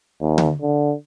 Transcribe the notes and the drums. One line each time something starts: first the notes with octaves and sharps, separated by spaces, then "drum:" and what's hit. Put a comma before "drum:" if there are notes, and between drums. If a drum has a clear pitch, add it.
D#2
drum: tom D3
D3